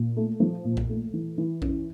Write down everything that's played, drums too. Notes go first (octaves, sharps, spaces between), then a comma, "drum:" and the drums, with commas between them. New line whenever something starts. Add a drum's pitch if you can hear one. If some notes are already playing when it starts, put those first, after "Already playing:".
Already playing: A#2
A3
F3
A#2
drum: kick A#1
A3
E3
E3
C#4, drum: kick A#1